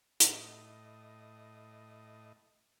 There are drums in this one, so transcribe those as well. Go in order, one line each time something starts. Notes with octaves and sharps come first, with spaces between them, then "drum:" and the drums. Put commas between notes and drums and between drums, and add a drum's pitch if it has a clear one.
A2 D#5, drum: hi-hat